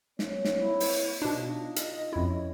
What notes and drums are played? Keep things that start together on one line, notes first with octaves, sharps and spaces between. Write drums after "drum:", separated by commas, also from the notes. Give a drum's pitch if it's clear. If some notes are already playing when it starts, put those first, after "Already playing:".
A#3 C4 C#5, drum: snare
drum: snare
E4
drum: open hi-hat
B2 D4 D#4 F4 D#5
drum: hi-hat
F2 C#4 E4